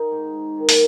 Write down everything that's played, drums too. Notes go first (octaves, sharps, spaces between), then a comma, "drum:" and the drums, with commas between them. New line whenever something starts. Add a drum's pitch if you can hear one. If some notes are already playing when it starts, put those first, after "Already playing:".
Already playing: D#3 D#4
G#2
G#2
D#3
A#3, drum: open hi-hat